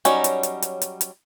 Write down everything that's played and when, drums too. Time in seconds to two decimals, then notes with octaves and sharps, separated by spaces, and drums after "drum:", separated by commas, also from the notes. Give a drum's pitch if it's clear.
0.05 F#3 G3 C#4 D#4, drum: hi-hat
0.24 drum: hi-hat
0.43 drum: hi-hat
0.62 drum: hi-hat
0.82 drum: hi-hat
1.01 drum: hi-hat